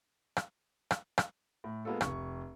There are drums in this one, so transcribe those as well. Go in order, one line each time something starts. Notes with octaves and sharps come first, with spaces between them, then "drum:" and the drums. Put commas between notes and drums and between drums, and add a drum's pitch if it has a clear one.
drum: rim click
drum: rim click
drum: rim click
A2
G#3 A#3 B3 F4 A4
F1 C#6, drum: rim click